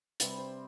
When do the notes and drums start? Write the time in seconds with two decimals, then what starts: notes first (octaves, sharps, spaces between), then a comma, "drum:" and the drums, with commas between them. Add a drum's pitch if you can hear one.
0.20 C3 G3 C4 B4, drum: hi-hat
0.38 C5